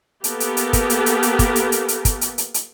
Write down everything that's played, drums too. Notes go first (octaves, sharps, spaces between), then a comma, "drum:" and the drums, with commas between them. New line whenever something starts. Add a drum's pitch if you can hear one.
A#3 B3 G4 A4 A#4, drum: hi-hat
drum: hi-hat
drum: hi-hat
drum: kick, hi-hat
drum: hi-hat
drum: hi-hat
drum: hi-hat
drum: kick, hi-hat
drum: hi-hat
drum: hi-hat
drum: hi-hat
drum: kick, hi-hat
drum: hi-hat
drum: hi-hat
drum: hi-hat